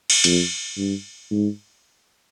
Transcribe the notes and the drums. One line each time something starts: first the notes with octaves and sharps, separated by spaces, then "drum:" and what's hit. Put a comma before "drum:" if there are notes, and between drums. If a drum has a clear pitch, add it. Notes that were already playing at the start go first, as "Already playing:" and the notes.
drum: cymbal
F2, drum: hi-hat
G2
G#2